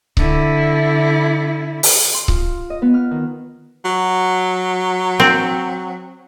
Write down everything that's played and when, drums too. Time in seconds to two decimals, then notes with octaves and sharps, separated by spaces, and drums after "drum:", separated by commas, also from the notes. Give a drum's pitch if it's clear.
0.17 D3 E4, drum: kick C#1
1.83 drum: open hi-hat
2.14 C6
2.28 F4, drum: kick C#1
2.70 D#5
2.82 B3
2.94 F6
3.11 D#3
3.85 F#3
5.20 C4